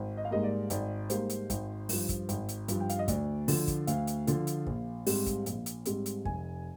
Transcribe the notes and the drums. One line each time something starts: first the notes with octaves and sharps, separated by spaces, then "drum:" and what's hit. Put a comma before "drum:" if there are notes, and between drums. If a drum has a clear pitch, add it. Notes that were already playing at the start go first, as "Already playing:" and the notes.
Already playing: G#1
D#5
F5
G#2 G3 A#3 D#5
D5
G#1 D5, drum: hi-hat
G#2 G3 A#3 C5, drum: hi-hat
drum: hi-hat
G#1, drum: kick, hi-hat
G2 F3, drum: open hi-hat
drum: kick, hi-hat
G#1, drum: hi-hat
drum: hi-hat
G2 F3, drum: hi-hat
G5
F5, drum: hi-hat
D#5
D2 D5, drum: kick, hi-hat
D3 F3, drum: open hi-hat
drum: kick, hi-hat
D2 F5, drum: hi-hat
drum: hi-hat
D3 F3, drum: hi-hat
drum: hi-hat
A#1, drum: kick
G#2 G3 C4, drum: open hi-hat
drum: kick, hi-hat
A#1, drum: hi-hat
drum: hi-hat
G#2 G3 C4, drum: hi-hat
drum: hi-hat
F1 G#5, drum: kick